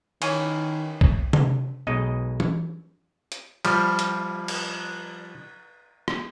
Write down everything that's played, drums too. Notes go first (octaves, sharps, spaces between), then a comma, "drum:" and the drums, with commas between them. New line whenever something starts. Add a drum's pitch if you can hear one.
D#3 E3 C#4, drum: cymbal
drum: kick
drum: tom C3
B1 B2 G#3 D#4 D#5
drum: tom E3
drum: hi-hat
F3 G3, drum: cymbal
drum: hi-hat
drum: cymbal
drum: rim click